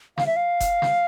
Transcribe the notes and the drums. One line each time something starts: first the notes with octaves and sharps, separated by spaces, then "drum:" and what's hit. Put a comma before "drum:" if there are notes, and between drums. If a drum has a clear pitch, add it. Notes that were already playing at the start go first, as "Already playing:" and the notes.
F5, drum: snare
E5
F5
drum: kick F1, hi-hat
drum: snare